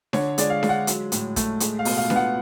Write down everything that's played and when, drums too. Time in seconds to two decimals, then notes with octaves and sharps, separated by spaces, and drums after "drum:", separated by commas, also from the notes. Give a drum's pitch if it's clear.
0.13 D3 C#5, drum: snare D4
0.38 G#3 D5, drum: hi-hat
0.50 F5
0.63 G#3, drum: snare D4
0.69 F#5
0.87 F#3, drum: hi-hat
1.12 A2, drum: hi-hat
1.36 A3, drum: kick, hi-hat
1.60 G#3, drum: hi-hat
1.79 F5
1.85 B2, drum: open hi-hat
1.97 F5
2.10 B3, drum: snare D4
2.16 F#5